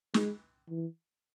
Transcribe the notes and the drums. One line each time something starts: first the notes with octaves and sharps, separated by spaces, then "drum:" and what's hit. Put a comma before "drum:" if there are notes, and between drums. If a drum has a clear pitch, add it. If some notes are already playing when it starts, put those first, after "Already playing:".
G#3, drum: snare
E3